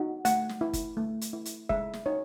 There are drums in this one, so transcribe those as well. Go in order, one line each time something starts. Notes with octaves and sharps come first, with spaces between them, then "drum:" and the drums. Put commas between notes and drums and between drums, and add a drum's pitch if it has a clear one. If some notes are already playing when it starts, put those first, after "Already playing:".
Already playing: D#4 F#4
A3 F#5, drum: hi-hat
drum: snare
E4
drum: kick F#1, hi-hat
A3
drum: hi-hat
E4
drum: hi-hat
G#3 E5, drum: kick F#1
drum: snare
D#4 C#5